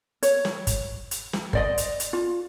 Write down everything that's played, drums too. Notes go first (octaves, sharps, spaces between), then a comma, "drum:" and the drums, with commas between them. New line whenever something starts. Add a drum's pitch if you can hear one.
C#5, drum: hi-hat
drum: snare
drum: kick G1, hi-hat
drum: hi-hat
drum: snare
C5 D5 D#5, drum: kick G1
drum: hi-hat
drum: hi-hat
F4